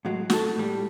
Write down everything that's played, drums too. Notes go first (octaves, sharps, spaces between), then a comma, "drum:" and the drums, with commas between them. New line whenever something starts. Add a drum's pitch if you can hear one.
A2 F#3 G#3
F#4 A4, drum: snare
A2 G3